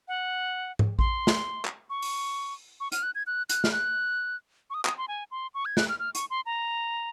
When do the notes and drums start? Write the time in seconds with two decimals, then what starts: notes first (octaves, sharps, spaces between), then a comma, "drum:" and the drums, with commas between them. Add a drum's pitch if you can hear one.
0.08 F#5
0.79 drum: tom G#2
0.99 C6, drum: kick A1
1.27 drum: snare
1.65 drum: clap
1.90 C#6
2.02 drum: open hi-hat
2.80 C#6
2.92 F6, drum: hi-hat
3.03 F#6
3.15 G#6
3.27 F#6
3.49 F#6, drum: hi-hat
3.64 F6, drum: snare
3.72 F#6
4.70 C#6
4.74 D#6
4.85 D#6, drum: clap
4.98 C6
5.08 G#5
5.31 C6
5.54 C#6
5.65 G#6
5.77 F#6, drum: snare
5.89 F6
5.99 F6
6.15 C#6, drum: hi-hat
6.30 C6
6.46 A#5